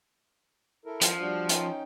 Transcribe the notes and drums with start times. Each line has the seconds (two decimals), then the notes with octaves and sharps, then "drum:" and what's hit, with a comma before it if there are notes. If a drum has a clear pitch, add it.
0.85 E4 A4 A#4
1.01 F3, drum: hi-hat
1.20 G3 D4 F#4
1.49 C#4 D#4 G5, drum: hi-hat